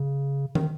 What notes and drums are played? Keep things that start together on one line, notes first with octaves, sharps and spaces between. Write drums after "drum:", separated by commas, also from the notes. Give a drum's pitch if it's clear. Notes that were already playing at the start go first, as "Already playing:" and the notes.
Already playing: C#3
D#3, drum: tom